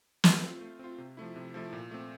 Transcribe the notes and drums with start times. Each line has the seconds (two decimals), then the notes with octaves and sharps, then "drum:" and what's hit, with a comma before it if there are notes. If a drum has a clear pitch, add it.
0.24 A3, drum: snare
0.42 C4 F4
0.61 A3
0.79 C4 F4
0.98 C3
1.17 F3 A3 E4
1.36 C3
1.54 F3 A3 E4
1.73 A#2
1.91 A3 C4